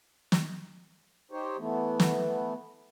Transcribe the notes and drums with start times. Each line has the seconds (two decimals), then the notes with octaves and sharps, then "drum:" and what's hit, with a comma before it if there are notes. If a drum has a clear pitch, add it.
0.32 drum: snare
1.31 D#4 G4 C5 C#5
1.58 E3 A3 B3
2.00 drum: snare